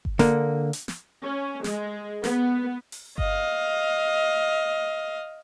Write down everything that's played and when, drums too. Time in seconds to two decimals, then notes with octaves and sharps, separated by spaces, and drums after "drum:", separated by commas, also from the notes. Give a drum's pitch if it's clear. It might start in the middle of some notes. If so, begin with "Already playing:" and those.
0.05 drum: kick G1
0.19 D3 A#3, drum: snare
0.73 drum: hi-hat
0.88 drum: snare
1.24 C#4
1.64 G#3, drum: snare
2.24 B3, drum: snare
2.92 drum: open hi-hat
3.18 D#5 F5, drum: kick G1